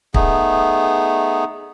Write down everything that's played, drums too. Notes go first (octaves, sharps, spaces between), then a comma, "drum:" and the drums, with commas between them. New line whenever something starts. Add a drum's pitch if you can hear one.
A3 B3 D#4 G#4, drum: kick